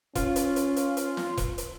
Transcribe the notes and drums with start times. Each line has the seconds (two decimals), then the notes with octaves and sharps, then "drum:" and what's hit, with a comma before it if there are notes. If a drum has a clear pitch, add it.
0.15 C#4 F4, drum: kick E1, hi-hat
0.36 drum: hi-hat
0.56 drum: hi-hat
0.76 drum: hi-hat
0.97 drum: hi-hat
1.17 drum: snare
1.37 drum: kick E1, hi-hat
1.58 drum: hi-hat